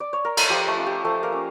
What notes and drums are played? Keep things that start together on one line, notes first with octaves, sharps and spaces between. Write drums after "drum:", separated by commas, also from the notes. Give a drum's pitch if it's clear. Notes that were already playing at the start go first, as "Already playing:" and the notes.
D5
C#5
A#4
A4, drum: cymbal
F3 G4
A3 A4
C#4 F4
G4
F3 A3 A4
A#3 A#4
C#4 F4